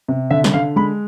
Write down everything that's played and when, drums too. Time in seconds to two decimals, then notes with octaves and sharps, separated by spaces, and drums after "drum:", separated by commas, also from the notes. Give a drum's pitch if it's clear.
0.08 C3
0.31 D3 E5
0.44 drum: snare
0.54 D3 F5
0.76 G#3 B5